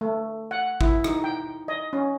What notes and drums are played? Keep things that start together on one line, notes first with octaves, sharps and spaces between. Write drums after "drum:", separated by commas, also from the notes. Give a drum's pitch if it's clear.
A3
F#5
E4, drum: kick
D#4, drum: rim click
G5
D#5
C#4